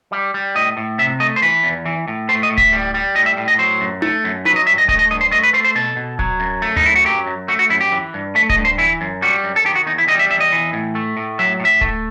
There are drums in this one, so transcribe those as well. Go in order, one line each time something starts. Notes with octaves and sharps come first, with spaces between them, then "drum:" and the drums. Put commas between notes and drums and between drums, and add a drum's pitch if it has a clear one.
G3
G3
A2 D#5
A2
C3 E5
A3 D#5
C5
E3 B4
E2
E3
A2
A3 C5
D#5
A2
E5, drum: kick D1
G3
G3
A2 D#5
E5
A2
D#5
F#3 C5
F#2
A3, drum: tom D#4
F#2
F#3 B4, drum: tom D#4
D#5
G2 E5
D#5
A3 D#5, drum: kick D1
D#5
G2 D#5
C5
A3 D#5
B4
A3 C5
C5
B2 A4
B2
F#3, drum: kick D1
F#2
A3
D#4, drum: tom D2
F#2 E4
F#4
F#3 G4
F#2
A3 F#4
F#4
F#2 E4
G4
E3
G2
A3 E5
D#5, drum: kick D1
G2
C5
E3 E4
F#2
G3 F#4
F#2
A4
D#3 G4
F#4
E2 D#4
E4
G3 D#5
E5
E2 E5
D#5
E3
A2
A3
A2
F#3 E5
A2
E5
A3, drum: kick D1